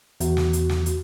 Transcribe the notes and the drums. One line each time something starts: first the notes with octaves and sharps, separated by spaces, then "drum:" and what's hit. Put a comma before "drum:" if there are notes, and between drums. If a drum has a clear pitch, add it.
E2 F#4, drum: hi-hat
drum: snare
drum: hi-hat
drum: snare
drum: hi-hat